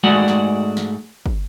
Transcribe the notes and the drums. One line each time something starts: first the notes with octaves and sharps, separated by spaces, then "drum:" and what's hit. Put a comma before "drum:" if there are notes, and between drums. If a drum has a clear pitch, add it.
G#2 G#3 A3 F#4 D5 F#5
drum: snare
drum: snare
drum: kick